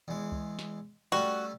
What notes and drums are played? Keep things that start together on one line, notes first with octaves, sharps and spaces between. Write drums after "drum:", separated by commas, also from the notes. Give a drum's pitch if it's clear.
E2 G#3
drum: kick C#2
drum: snare
G3 A3 C#4 F#4